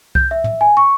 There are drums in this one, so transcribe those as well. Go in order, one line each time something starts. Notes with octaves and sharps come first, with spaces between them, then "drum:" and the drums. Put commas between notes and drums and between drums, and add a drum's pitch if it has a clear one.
G6, drum: kick C2
E5
drum: tom A2
G#5
C#6